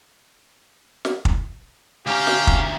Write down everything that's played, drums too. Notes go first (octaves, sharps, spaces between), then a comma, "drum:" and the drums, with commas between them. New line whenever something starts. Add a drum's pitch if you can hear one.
drum: snare
drum: kick
D2 C#4 G4 F5 A#5
drum: snare
drum: kick